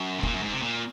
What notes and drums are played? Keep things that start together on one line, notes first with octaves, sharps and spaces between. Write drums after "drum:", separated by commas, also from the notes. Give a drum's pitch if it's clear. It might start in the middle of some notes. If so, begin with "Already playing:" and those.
Already playing: F#2
C3
A#2, drum: kick
F#2
G#2
C3
A#2